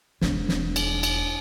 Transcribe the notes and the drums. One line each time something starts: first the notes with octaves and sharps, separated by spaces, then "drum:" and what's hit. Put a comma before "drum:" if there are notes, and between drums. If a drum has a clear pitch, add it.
E1 D4, drum: snare
drum: snare
drum: cymbal
drum: cymbal